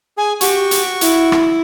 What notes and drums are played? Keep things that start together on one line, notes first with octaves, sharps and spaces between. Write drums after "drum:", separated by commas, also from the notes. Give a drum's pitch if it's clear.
G#4 G#5
F#4 G4 C#6, drum: hi-hat
drum: hi-hat
E4, drum: hi-hat
drum: rim click